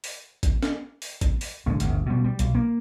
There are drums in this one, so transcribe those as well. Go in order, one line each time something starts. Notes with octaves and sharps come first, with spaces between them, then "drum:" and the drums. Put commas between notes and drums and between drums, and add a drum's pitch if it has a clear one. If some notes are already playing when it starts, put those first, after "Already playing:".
drum: open hi-hat
drum: kick A1, hi-hat
drum: snare
drum: open hi-hat
drum: kick A1, hi-hat
drum: open hi-hat
A2 D3 G#3
G1 D2, drum: hi-hat
B2 G3
G3
B1, drum: hi-hat
A#3